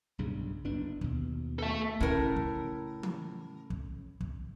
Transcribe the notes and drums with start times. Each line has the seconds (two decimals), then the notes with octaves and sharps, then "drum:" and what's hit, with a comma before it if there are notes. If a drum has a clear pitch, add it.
0.18 B1 G2 C#3
0.64 F#1 B3 D4
1.01 D#2 B2, drum: kick
1.59 A4 E5
2.01 A2 C#3 A#4
2.36 drum: kick
3.03 drum: tom E3
3.70 drum: kick
4.21 drum: kick